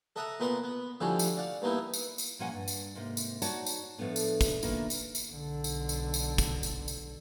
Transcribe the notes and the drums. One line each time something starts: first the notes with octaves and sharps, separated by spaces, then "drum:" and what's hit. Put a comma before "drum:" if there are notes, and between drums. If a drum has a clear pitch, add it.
A4 D#5 E5 F#5 A#5
A#2 B3 A#4 F#5 B5 C6
B3
A2 D3 F3 G3 F#4 G#4
drum: tambourine
D5 F5 F#5
G2 A#3 B3 D#4 E4
drum: tambourine
drum: tambourine
A#2 F3 A#3 C#4 F#5 G#5
G2
drum: tambourine
G#2 C3 A#3
drum: tambourine
D#4 F#4 C#5 D5 F#5 A5, drum: tambourine
drum: tambourine
A2 F3 A3 B3 D4
drum: tambourine
drum: kick, tambourine
D#3 A#3 B3 D4 E4 F4, drum: tambourine
drum: tambourine
drum: tambourine
B1 D3
drum: tambourine
drum: tambourine
drum: tambourine
drum: kick, tambourine
drum: tambourine
drum: tambourine